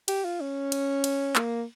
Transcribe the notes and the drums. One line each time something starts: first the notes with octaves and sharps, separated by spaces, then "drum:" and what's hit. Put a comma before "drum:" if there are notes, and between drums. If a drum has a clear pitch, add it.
G4, drum: cymbal
F4
C#4
drum: cymbal
drum: cymbal
A#3, drum: clap